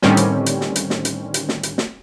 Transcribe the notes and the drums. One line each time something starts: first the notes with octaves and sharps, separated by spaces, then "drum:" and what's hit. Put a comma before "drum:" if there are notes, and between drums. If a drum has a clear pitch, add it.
A2 D3 D#3 G3 C4 C#4, drum: snare
drum: hi-hat
drum: hi-hat
drum: snare
drum: hi-hat
drum: snare
drum: hi-hat
drum: hi-hat
drum: snare
drum: hi-hat
drum: snare